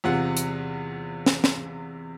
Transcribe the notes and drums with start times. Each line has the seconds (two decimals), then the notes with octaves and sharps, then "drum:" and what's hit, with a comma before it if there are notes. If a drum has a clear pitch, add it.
0.04 E2 C3 F4 F#5
0.37 drum: hi-hat
1.26 drum: snare
1.44 drum: snare